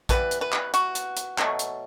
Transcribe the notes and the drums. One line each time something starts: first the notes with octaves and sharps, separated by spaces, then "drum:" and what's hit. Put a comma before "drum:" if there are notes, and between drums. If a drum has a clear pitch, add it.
E3 G3 B3 B4, drum: kick A#1, hi-hat
drum: hi-hat
B4
drum: clap
F#4, drum: hi-hat
drum: hi-hat
drum: hi-hat
B2 F#3 A3, drum: clap
drum: hi-hat